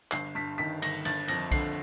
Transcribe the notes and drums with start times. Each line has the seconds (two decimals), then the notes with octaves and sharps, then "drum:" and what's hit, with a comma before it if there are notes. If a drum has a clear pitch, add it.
0.12 G1 C7, drum: clap
0.35 G2 B6
0.58 D#3 B6
0.82 G1 A#6, drum: cymbal
1.05 G1 A6, drum: cymbal
1.28 F2 A#6, drum: cymbal
1.52 D3 C7, drum: kick B1, cymbal